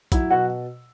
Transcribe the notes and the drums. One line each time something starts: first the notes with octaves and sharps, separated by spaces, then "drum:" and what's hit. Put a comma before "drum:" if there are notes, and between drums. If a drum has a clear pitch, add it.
F#3 E4, drum: kick, hi-hat
B2 F#4